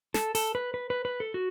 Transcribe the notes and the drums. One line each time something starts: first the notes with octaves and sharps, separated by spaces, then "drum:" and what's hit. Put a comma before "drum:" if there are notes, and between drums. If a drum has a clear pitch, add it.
A4, drum: snare
A4, drum: open hi-hat
B4
B4
B4
B4
A4
F#4